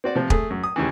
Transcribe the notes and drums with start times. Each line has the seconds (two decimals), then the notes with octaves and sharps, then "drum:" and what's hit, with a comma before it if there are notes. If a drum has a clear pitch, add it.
0.04 C4 F#4 D5
0.15 C3 F3
0.30 A3 G#4, drum: kick
0.50 F#2
0.64 D#6
0.76 D#2 C#3 E3